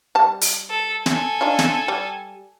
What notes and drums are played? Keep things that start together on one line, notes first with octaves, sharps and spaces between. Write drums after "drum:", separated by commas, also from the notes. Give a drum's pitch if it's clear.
G3 A5
drum: open hi-hat
A4
A4 G#5, drum: snare
D4 D#4 F4
drum: snare
G3